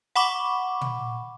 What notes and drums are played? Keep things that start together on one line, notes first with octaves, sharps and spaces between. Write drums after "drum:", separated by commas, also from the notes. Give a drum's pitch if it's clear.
F#5 B5 C#6 D6
drum: tom